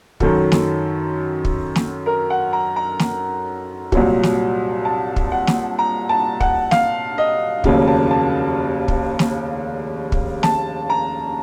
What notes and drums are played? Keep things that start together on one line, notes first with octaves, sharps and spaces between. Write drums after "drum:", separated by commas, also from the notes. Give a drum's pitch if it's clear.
F#2 D#3 F#3 A4, drum: kick
drum: snare
drum: kick
drum: snare
A#4
F#5
A#5
A#5
drum: snare
C2 A#2 F#3, drum: kick
drum: snare
A5
drum: kick
F#5
drum: snare
A#5
A5
F#5, drum: kick
F5, drum: snare
D#5
F1 D#2 C#3 F#3 A#3 F5, drum: kick
A5
A5
drum: kick
drum: snare
drum: kick
A5, drum: snare
A#5